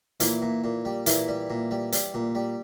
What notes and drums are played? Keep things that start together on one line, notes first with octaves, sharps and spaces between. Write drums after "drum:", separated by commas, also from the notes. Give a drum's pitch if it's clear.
A#2 E3 E4, drum: hi-hat
A#2
A#2
G3
A#2 E3 E4, drum: hi-hat
G3
A#2
G3
G3, drum: hi-hat
A#2
G3